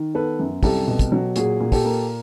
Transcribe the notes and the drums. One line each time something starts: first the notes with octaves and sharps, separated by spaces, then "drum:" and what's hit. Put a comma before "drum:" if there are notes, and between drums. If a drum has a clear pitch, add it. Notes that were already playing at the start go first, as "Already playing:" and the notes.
Already playing: D#3
B3 A4 B4
F#2
C2 G4 A4, drum: kick, open hi-hat
B2
drum: kick, hi-hat
F#3
A#2 F#4 G#4, drum: hi-hat
A#2
G4 A4, drum: kick, open hi-hat
A#3